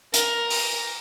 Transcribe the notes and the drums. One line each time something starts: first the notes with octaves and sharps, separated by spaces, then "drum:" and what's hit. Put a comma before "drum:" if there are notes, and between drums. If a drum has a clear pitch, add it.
A#4, drum: hi-hat
drum: open hi-hat